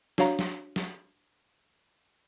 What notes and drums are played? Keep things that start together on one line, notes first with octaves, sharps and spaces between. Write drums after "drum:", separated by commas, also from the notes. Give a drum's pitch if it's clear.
D4 F#4 C#5 F5 A#5, drum: snare
drum: snare
drum: snare